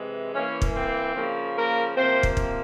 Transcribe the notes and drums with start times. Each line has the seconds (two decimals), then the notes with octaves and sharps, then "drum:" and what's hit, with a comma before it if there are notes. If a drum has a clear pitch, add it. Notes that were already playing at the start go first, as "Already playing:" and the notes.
Already playing: C3 E3 G#3
0.34 E3 A#3 C#4
0.62 drum: kick
0.74 C4
1.15 C#3 F3 A#3
1.56 A#3 A#4
1.96 C3 F3 A#3 C4 C5
2.23 drum: kick
2.37 drum: kick